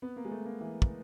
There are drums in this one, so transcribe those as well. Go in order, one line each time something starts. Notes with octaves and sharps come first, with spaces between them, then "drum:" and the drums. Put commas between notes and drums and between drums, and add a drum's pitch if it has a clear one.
B3
A#3
G#3
A3
A#3
E3
drum: kick